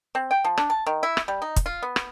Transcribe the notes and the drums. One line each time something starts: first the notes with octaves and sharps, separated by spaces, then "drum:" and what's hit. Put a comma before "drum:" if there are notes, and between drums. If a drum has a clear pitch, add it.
C4
G5
F3
D4, drum: rim click
A5
D#3
E4
drum: rim click
G3
D#4
drum: kick, hi-hat
F4
B3
drum: rim click